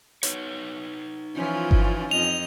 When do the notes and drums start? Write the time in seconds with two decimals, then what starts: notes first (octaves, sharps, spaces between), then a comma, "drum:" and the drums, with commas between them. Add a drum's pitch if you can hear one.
0.23 D#4 B4 C#5, drum: hi-hat
1.35 E3 F3 C#4 F4
1.71 drum: kick G1
2.11 F2 D#5 F7